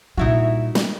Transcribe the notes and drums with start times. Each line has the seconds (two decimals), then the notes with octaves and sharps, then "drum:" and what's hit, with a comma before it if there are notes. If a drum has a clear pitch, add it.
0.17 A#2 G3 D#4 E4 F#4
0.75 drum: snare